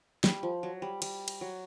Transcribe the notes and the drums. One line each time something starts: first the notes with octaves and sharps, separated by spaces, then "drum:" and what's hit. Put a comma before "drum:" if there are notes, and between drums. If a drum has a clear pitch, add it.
G3, drum: snare
F3
F#3
G3
G3, drum: cymbal
drum: cymbal
F#3